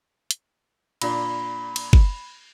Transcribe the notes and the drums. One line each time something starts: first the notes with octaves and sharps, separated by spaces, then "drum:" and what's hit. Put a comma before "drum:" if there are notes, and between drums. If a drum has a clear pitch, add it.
drum: hi-hat
A#2 D4 B5, drum: cymbal
drum: cymbal
drum: kick